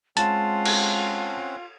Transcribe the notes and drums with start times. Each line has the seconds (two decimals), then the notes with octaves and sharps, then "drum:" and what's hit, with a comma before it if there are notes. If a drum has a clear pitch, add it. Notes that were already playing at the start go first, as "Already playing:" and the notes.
0.17 G#3 C4 C#4 F4 F#5 A5, drum: hi-hat
0.65 drum: cymbal